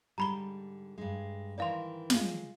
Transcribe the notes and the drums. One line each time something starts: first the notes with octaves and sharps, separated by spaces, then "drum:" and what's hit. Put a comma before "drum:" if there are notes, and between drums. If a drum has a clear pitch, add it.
G#2 D3 G3 A#5 B5 G7
G2 G#3
G#2 D#3 E3 D5 F5 C6
G#3 F4, drum: snare